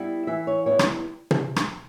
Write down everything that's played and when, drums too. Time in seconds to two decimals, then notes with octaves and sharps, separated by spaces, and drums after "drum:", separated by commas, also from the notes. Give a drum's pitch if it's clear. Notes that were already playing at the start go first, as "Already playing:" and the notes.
Already playing: G3 B3 E4
0.27 E3 E5
0.47 C#5
0.66 G3 B3 E4 C#5
0.79 drum: rim click
1.31 drum: tom
1.56 drum: rim click